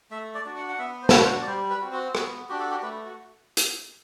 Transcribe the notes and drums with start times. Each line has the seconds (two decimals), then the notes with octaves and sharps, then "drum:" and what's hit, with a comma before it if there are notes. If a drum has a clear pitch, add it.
0.11 A3 E5
0.35 D5
0.46 D4 F#4
0.56 F#5
0.69 F#5
0.79 B3 E5
1.02 C5
1.09 B4, drum: snare
1.13 D4 F#4 C5
1.24 C5
1.41 D5
1.46 G3 C5
1.70 B4
1.81 C4 F#4
1.92 F#4
2.15 B3 F#4, drum: rim click
2.49 D4 F#4 G4
2.59 A4
2.71 G4
2.82 A3 B4
3.06 F#4
3.57 drum: hi-hat